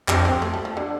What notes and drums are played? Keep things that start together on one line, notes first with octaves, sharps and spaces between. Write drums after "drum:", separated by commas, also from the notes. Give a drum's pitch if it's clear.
F2 D4 G4, drum: clap
C4
A3
G3
F3
D3